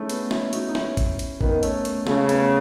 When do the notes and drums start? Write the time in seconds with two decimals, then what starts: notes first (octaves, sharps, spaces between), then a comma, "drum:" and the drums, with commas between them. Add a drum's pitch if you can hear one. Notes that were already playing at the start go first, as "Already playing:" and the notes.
Already playing: A3 C#4 D#4 E4 G#4
0.09 B3, drum: hi-hat
0.31 C#4 E4, drum: snare
0.53 D#4 F#4, drum: hi-hat
0.69 D#4
0.75 C#4 E4, drum: snare
0.97 drum: kick, hi-hat
1.19 drum: hi-hat
1.41 D#3 B3, drum: kick
1.63 A3 C#4, drum: hi-hat
1.85 drum: hi-hat
2.07 C#3 A3, drum: snare
2.29 B3, drum: hi-hat